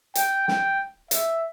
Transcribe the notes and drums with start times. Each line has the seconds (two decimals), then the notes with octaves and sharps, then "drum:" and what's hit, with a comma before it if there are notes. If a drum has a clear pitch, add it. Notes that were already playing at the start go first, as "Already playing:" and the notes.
0.15 G5, drum: hi-hat
0.48 G5, drum: snare
1.11 E5, drum: hi-hat